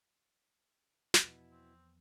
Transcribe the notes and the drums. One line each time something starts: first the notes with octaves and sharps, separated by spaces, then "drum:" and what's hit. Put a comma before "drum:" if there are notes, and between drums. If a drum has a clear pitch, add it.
drum: snare
E2 B2 F3 B3 E4
C4